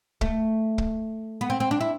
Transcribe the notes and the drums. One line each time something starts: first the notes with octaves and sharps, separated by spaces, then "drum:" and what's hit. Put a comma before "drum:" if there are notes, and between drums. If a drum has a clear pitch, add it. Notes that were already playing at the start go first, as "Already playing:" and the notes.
A3, drum: kick
drum: kick
B3
C4
C4
D4
E4